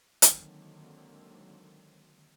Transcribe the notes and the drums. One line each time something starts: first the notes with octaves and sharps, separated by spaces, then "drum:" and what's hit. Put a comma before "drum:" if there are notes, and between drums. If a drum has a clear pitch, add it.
D3 D#3 F#3 G#3 A#3 C4, drum: hi-hat